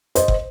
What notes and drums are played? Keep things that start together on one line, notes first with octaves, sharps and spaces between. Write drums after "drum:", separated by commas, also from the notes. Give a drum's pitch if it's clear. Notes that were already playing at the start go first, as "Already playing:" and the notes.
C5 D#5, drum: hi-hat
drum: kick